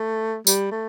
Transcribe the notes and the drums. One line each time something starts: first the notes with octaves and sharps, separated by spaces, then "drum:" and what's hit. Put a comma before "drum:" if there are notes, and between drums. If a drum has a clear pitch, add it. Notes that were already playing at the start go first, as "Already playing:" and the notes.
Already playing: A3
G3, drum: tambourine
A3